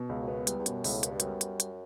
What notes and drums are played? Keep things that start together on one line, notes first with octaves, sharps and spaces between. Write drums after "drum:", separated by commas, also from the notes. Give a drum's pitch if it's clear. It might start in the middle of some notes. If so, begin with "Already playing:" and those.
Already playing: B2
C#2
F#2
B3
E2 G3, drum: hi-hat
E2
F#2 B2, drum: hi-hat
C#2 A2, drum: open hi-hat
F#2 B3, drum: hi-hat
G2
F#2 G3, drum: hi-hat
drum: hi-hat
drum: hi-hat